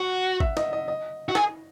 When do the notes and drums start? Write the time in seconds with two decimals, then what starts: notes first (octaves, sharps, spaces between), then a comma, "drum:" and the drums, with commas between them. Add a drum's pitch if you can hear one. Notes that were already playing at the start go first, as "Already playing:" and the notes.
Already playing: F#4 F#5
0.40 E5, drum: kick
0.57 D#5, drum: snare
0.73 D#5
0.88 D#5
1.29 F#4
1.35 G#4, drum: snare